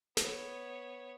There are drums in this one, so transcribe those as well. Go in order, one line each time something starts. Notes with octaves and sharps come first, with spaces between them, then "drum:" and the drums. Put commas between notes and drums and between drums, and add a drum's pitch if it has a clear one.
B3 C#5, drum: snare